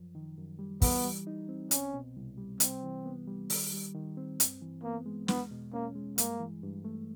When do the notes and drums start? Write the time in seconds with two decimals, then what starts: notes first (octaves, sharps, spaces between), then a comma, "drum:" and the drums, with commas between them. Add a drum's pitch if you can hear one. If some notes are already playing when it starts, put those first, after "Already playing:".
Already playing: F#2 F3
0.15 D#3
0.38 F#2
0.59 G3
0.82 E3 B3, drum: kick, open hi-hat
1.04 G3
1.27 D#4
1.49 C4
1.71 C2 C#4, drum: hi-hat
1.94 B2
2.16 C2
2.38 G3
2.60 C3 C4, drum: hi-hat
2.83 E3
3.06 B3
3.27 G3
3.50 D#3, drum: open hi-hat
3.73 G3
3.95 D#3
4.17 C4
4.40 G2, drum: hi-hat
4.62 E3
4.83 A#3 B3
5.06 G#3
5.28 E2 B3, drum: snare
5.51 B2
5.73 A#3 C#4
5.96 G#3
6.18 G2 A#3, drum: hi-hat
6.40 E3
6.63 G2
6.84 A3